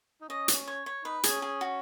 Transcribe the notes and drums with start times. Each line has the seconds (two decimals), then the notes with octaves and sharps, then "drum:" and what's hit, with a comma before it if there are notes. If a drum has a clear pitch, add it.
0.21 D#4
0.29 C#4 D#5
0.48 drum: hi-hat
0.67 C#5
0.86 C#5
1.05 D#4 B4
1.23 C#4 G#4, drum: hi-hat
1.42 G#4
1.61 F#4